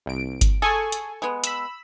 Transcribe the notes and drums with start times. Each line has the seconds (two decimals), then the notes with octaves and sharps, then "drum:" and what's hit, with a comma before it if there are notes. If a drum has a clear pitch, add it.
0.06 C2 D7
0.41 drum: kick G1, hi-hat
0.62 G#4 A4 G#5 C#6
0.92 drum: hi-hat
1.22 G#3 B3
1.44 B5 E6, drum: hi-hat